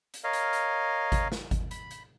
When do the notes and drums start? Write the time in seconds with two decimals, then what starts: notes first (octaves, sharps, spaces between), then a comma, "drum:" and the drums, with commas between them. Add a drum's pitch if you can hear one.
0.14 drum: hi-hat
0.24 A#4 C#5 D#5 F5
0.33 drum: hi-hat
0.53 drum: hi-hat
1.12 drum: kick G#1, hi-hat
1.32 drum: snare
1.51 drum: kick G#1, hi-hat
1.71 B5, drum: hi-hat
1.91 drum: hi-hat